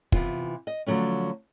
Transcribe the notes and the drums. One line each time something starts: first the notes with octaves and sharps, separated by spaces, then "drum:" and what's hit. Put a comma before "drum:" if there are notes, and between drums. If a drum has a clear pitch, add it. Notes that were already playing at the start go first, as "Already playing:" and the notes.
C3 E3 B3 F4, drum: kick
D#5
D3 F3 F#3 A3 C#4